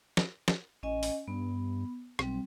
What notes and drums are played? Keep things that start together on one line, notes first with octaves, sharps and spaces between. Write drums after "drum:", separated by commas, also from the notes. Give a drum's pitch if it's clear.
drum: snare
drum: snare
A1 C#4 D#5 G#5
drum: open hi-hat
G2 B3
B1 G3 C4, drum: rim click